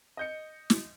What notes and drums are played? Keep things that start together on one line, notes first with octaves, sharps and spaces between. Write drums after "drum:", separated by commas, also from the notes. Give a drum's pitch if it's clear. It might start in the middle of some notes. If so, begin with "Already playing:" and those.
D#5 G6 C#7
drum: snare